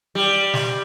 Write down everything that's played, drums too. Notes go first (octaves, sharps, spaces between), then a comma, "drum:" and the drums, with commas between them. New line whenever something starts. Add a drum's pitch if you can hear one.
G3
drum: snare